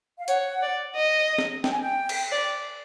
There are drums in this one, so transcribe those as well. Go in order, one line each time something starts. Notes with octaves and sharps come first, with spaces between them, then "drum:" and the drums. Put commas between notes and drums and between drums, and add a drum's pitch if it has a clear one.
F5
C#5 F#5, drum: hi-hat
D5
D#5
drum: snare
G5, drum: snare
G#5
G5
drum: cymbal
D5